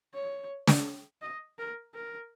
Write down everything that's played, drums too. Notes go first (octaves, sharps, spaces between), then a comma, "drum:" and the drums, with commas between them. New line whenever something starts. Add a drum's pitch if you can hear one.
C#5
drum: snare
D#5
A#4
A#4